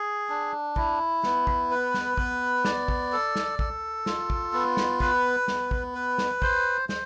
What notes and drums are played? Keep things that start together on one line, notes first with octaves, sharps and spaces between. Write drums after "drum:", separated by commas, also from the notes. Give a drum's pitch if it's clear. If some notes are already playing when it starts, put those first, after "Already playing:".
Already playing: G#4
D4
E4, drum: kick
B3, drum: snare
drum: kick
B4
drum: snare
B3, drum: kick
D5, drum: snare
drum: kick
A4
drum: snare
A4, drum: kick
F4, drum: snare
drum: kick
B3
drum: snare
B4, drum: kick
B3, drum: snare
drum: kick
B4
drum: snare
C5, drum: kick
C5, drum: snare